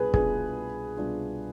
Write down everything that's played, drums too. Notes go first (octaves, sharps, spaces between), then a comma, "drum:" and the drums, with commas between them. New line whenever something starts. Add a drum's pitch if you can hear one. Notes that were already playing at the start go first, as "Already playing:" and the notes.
Already playing: C2 B2 B3 D4 F4 G#4 B4
C2 B2 B3 D4 F4 G#4, drum: kick
C2 B2 B3 D4 F4